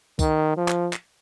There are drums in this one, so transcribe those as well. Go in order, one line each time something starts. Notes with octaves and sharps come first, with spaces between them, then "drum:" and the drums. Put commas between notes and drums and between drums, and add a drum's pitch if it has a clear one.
D#3, drum: kick C2, tambourine
F3
drum: clap
drum: clap